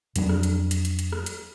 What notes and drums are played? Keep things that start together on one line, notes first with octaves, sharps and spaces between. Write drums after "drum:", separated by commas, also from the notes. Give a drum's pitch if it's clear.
F2 F#3 C4 D4, drum: hi-hat
drum: rim click
drum: hi-hat
drum: hi-hat
drum: hi-hat
drum: hi-hat
drum: rim click
drum: hi-hat